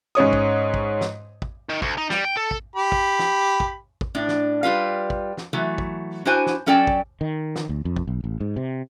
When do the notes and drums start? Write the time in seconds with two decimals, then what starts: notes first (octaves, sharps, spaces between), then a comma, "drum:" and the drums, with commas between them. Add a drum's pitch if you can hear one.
0.15 G#2 C#4 C#5 D#6
0.33 drum: kick
0.74 drum: kick
1.01 drum: snare
1.42 drum: kick
1.69 D#3
1.82 D2, drum: kick
1.98 D#4
2.10 G3, drum: snare
2.25 G5
2.37 A4
2.51 drum: kick
2.76 G4 B5
2.92 drum: kick
3.19 drum: snare
3.60 drum: kick
4.01 drum: kick
4.15 A2 D4
4.28 drum: snare
4.63 G3 F4 B4 F5
5.10 drum: kick
5.37 drum: snare
5.53 E3 F#3 A3
5.78 drum: kick
6.25 D4 E4 F#4 C5 G#5
6.46 drum: snare
6.66 F#3 C#4 A4 D5 G5 A5
6.87 drum: kick
7.21 D#3
7.56 drum: snare
7.69 D2
7.85 F2
7.96 drum: kick
8.07 B1
8.24 A1
8.40 G#2
8.56 C3